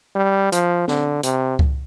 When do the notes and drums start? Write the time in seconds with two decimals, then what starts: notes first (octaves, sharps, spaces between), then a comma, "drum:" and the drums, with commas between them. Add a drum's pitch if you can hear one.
0.15 G3
0.52 F3, drum: hi-hat
0.88 D3, drum: snare C4
1.23 C3, drum: hi-hat
1.59 drum: kick C#2